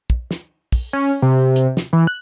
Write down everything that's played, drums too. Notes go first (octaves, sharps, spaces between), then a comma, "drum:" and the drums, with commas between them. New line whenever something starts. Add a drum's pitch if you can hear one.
drum: kick
drum: snare
drum: kick, open hi-hat
C#4
C3
drum: hi-hat
drum: snare
E3
F#6